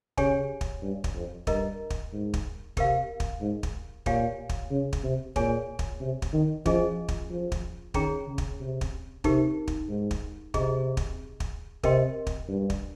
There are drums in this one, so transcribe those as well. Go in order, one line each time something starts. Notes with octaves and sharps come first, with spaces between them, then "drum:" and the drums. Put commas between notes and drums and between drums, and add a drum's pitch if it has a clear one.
C#3 G4 C#5 G#5, drum: kick
drum: kick
G2
drum: kick
F2
G2 A#4 D#5 A#5, drum: kick
drum: kick
G#2
drum: kick
C3 G4 A#4 F5, drum: kick
drum: kick
G#2
drum: kick
A#2 G4 C#5 F5 G#5, drum: kick
drum: kick
C#3
drum: kick
C3
A#2 G#4 C#5 G#5, drum: kick
drum: kick
C3
drum: kick
D#3
F3 C#4 G#4 D#5 G#5, drum: kick
drum: kick
F3
drum: kick
D#3 C#4 G#4 C#5 G5 A#5, drum: kick
C#3
drum: kick
C3
drum: kick
C3 D#4 G4 A#4, drum: kick
drum: kick
G#2
drum: kick
C3 G#4 D#5 A#5 C#6, drum: kick
drum: kick
drum: kick
C3 A#4 D#5 G5 C6, drum: kick
drum: kick
G2
drum: kick